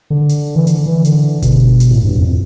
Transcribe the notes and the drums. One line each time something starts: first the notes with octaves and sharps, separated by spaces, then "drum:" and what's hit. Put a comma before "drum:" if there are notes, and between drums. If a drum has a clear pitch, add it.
D3
drum: hi-hat
E3
D3, drum: hi-hat
E3
D3, drum: hi-hat
B2, drum: kick G1, hi-hat
drum: hi-hat
A2
G2
F2